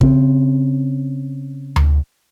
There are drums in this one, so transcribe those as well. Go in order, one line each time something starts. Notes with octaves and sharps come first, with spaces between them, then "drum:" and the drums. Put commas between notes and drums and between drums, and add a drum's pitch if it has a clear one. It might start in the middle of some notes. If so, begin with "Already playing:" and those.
C#3 C4, drum: kick
drum: tom D2